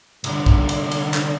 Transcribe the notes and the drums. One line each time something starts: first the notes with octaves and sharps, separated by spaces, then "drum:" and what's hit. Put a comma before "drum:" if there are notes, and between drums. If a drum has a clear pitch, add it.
C2 D3, drum: cymbal
drum: kick
drum: cymbal
drum: cymbal
drum: clap